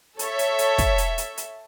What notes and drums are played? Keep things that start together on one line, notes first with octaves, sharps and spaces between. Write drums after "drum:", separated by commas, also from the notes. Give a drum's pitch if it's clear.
A4 C#5 E5, drum: hi-hat
drum: hi-hat
drum: hi-hat
drum: kick, hi-hat
drum: hi-hat
drum: hi-hat
drum: hi-hat